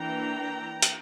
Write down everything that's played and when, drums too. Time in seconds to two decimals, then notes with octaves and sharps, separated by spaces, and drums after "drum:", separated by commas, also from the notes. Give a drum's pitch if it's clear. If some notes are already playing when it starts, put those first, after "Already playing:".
Already playing: E3 A#3 D4 G5 A#5
0.82 drum: hi-hat